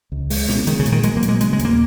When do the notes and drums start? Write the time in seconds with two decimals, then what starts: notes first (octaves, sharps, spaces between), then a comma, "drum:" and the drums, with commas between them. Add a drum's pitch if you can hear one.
0.12 C#2
0.30 G#3, drum: open hi-hat
0.49 B2, drum: snare
0.57 C#3
0.67 D#3 G#3, drum: hi-hat
0.79 C#3
0.86 A#2, drum: hi-hat
0.92 D#3
1.03 F#3 G#3, drum: hi-hat
1.17 A#3
1.23 A#2, drum: hi-hat
1.29 G#3
1.41 C#3 G#3, drum: hi-hat
1.53 G#3
1.59 D#2, drum: hi-hat
1.65 A#3